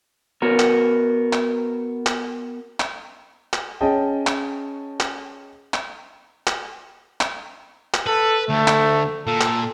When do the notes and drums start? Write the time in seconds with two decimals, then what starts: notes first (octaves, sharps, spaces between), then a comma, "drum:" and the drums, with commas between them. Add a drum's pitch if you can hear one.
0.42 B3 F#4 A#4
0.59 drum: clap
1.33 drum: clap
2.06 drum: clap
2.80 drum: clap
3.53 drum: clap
3.81 C#4 G#4 D#5 G5 A5
4.27 drum: clap
5.00 drum: clap
5.74 drum: clap
6.47 drum: clap
7.21 drum: clap
7.94 drum: clap
8.07 A4 B4
8.49 D2 A3
8.68 drum: clap
9.27 A#2 A4
9.41 drum: clap